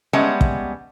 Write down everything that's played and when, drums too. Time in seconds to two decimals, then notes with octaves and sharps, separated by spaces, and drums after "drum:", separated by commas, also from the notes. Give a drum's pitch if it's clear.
0.13 G3 G#3 B3 C#4 E5 A5
0.41 drum: kick